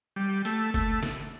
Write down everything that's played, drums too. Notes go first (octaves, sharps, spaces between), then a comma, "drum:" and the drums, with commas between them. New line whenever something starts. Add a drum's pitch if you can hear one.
G3
A3, drum: hi-hat
A3, drum: kick F#1, hi-hat
drum: snare